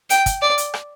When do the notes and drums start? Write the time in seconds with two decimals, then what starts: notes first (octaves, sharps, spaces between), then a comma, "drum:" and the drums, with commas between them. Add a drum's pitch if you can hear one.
0.10 G5, drum: hi-hat
0.26 drum: kick, hi-hat
0.42 D5
0.58 drum: hi-hat
0.74 drum: rim click